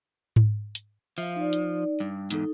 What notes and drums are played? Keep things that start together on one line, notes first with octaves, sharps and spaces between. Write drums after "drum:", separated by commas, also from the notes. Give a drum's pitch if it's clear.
drum: tom G#2
drum: hi-hat
F3 E5 F5
D#4 D5
drum: hi-hat
G2
E2 G#2 D#4 A4, drum: hi-hat